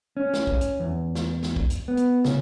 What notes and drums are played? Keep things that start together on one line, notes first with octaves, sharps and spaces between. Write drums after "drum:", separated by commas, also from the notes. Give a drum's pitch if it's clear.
C#4
drum: snare
drum: kick
drum: hi-hat
E2
drum: snare
drum: snare
drum: kick
drum: hi-hat
B3
drum: hi-hat
C#3, drum: snare